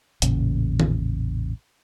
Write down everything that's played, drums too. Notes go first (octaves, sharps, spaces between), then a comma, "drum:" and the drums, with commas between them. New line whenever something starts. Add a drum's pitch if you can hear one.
A1 E2 A#2 C#3, drum: hi-hat
drum: tom D#3